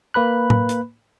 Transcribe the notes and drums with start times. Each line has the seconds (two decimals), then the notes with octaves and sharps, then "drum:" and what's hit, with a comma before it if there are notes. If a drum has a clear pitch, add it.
0.14 A#3 B4 B5 F#6
0.50 drum: tom A2
0.69 drum: hi-hat